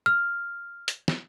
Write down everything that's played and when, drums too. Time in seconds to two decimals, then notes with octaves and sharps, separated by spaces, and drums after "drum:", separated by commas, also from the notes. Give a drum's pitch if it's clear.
0.06 F6
0.88 drum: hi-hat
1.08 drum: snare